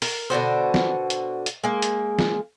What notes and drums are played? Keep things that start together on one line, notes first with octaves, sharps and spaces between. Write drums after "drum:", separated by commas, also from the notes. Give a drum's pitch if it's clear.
A#4, drum: open hi-hat
B2 D3 F#4 C5
drum: snare
drum: hi-hat
drum: hi-hat
G#3 A#3
drum: hi-hat
drum: snare